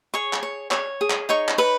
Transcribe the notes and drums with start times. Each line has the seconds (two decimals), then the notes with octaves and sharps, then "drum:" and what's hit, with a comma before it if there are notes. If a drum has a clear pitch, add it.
0.14 G#4 C#5 C#6
0.33 drum: clap
0.43 C#5
0.71 C#5, drum: clap
1.01 G#4
1.10 drum: clap
1.29 D#4 C#5 C#6
1.49 drum: clap
1.58 B4 C#5 B5